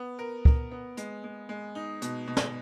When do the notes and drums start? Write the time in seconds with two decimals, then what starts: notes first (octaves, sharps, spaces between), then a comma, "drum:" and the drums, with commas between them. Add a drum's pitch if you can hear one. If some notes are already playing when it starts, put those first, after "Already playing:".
Already playing: B3
0.19 A#4
0.45 A#4, drum: kick C#2
0.71 B3
0.97 G#3, drum: hi-hat
1.24 G#3
1.49 G#3
1.75 D#4
2.02 B2, drum: hi-hat
2.28 B2
2.37 drum: snare